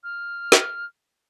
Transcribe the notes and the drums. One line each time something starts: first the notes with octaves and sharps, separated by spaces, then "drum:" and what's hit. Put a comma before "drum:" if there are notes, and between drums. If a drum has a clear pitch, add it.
F6
drum: snare